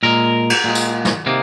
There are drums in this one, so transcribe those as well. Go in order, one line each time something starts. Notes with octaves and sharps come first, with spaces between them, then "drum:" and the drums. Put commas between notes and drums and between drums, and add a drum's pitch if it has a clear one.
A#2 G#3 A#4
drum: cymbal
A#2 G#3
drum: tambourine
drum: snare
C3 D#3 A#3